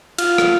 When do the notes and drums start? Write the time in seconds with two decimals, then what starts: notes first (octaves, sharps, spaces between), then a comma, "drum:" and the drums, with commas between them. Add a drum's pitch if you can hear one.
0.18 F4, drum: cymbal
0.38 drum: rim click